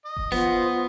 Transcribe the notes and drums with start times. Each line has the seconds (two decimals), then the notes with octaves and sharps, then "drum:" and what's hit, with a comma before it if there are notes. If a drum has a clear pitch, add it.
0.05 D#5
0.17 drum: kick F1
0.32 B3 F4 C5 F#5, drum: snare